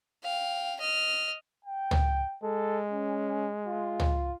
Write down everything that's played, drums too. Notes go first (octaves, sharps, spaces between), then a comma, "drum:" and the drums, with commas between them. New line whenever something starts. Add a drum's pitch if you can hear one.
F5 G5
D#5 F6
G5
drum: tom
G#3 A4
C#4
F4
drum: tom